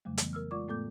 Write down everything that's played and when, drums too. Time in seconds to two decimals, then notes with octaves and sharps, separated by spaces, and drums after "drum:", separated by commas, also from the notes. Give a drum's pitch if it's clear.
0.05 F2 C#3 F#3 G3 A3
0.18 E3 B3, drum: hi-hat
0.33 A#4 E6 F6
0.51 G#3 F4 D5 C#6 D6
0.68 A2 A3 B3 A4 D6 G6